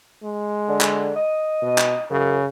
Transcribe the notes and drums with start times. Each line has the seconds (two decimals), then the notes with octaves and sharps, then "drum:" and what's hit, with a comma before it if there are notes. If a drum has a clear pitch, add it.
0.23 G#3
0.69 D3
0.81 drum: clap
1.17 D#5
1.62 B2
1.78 drum: clap
2.11 F#2 C#3